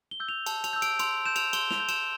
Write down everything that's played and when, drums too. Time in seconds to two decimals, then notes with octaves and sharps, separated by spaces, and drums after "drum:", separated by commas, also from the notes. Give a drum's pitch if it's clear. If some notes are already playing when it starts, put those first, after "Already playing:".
0.11 G7
0.20 E6 G6
0.29 F7
0.46 A5, drum: cymbal
0.64 F7, drum: cymbal
0.73 E6 G6
0.82 D7, drum: cymbal
0.99 C6 F7, drum: cymbal
1.26 G6 E7
1.36 F7, drum: cymbal
1.53 C6 G7, drum: cymbal
1.71 F7, drum: snare
1.80 G6
1.89 E7, drum: cymbal